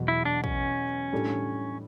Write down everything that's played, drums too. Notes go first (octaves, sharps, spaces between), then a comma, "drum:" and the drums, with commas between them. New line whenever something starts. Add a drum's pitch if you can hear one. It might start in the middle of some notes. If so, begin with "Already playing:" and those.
Already playing: E2 B2 F#3
E4
D4
C#4, drum: kick
A2 G3 D4 A4
drum: tom